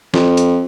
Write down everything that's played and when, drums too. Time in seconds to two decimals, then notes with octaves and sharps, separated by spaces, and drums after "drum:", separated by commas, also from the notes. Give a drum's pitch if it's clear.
0.14 F2, drum: snare
0.37 drum: hi-hat